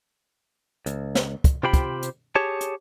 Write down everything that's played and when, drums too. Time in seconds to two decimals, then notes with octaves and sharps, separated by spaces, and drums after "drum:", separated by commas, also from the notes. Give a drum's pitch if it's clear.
0.86 C#2, drum: hi-hat
1.15 drum: snare
1.44 drum: kick, hi-hat
1.63 C3 F4 G4 C5 G5 B5
1.73 drum: kick, hi-hat
2.03 drum: hi-hat
2.35 G4 G#4 C#5 A5
2.61 drum: hi-hat